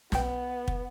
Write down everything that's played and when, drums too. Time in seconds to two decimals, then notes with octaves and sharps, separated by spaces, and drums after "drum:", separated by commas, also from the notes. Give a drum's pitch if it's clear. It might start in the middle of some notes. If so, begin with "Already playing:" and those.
0.12 B1 B3 G5, drum: snare
0.68 drum: kick